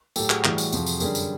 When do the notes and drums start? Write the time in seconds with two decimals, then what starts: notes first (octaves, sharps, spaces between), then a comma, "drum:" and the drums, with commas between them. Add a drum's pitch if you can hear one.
0.16 A2 F#3 G4 A4, drum: tambourine
0.30 F#4 G#4, drum: clap
0.44 A2 E3 G3, drum: clap
0.58 drum: tambourine
0.72 F2 C3 F3, drum: tambourine
0.86 drum: tambourine
1.00 F#2 D3 G3 G#4 A#4, drum: tambourine
1.15 drum: tambourine